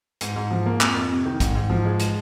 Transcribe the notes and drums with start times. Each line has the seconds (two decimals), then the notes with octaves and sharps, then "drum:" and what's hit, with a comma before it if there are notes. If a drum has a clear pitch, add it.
0.21 G#2, drum: hi-hat
0.36 G#2
0.51 F3
0.66 A#3
0.81 F2, drum: clap
0.96 F2
1.10 C3
1.25 D#3
1.40 G#2, drum: kick, hi-hat
1.55 G#2
1.70 F3
1.85 G#3
2.00 drum: hi-hat